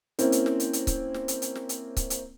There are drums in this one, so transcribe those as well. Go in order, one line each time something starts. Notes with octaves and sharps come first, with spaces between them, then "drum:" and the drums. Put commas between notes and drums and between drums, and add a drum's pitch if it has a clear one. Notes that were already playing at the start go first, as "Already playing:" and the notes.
A#3 C4 C#4 E4, drum: hi-hat
drum: hi-hat
drum: snare
drum: hi-hat
drum: hi-hat
drum: kick C#1, hi-hat
drum: snare
drum: hi-hat
drum: hi-hat
drum: snare
drum: hi-hat
drum: kick C#1, hi-hat
drum: hi-hat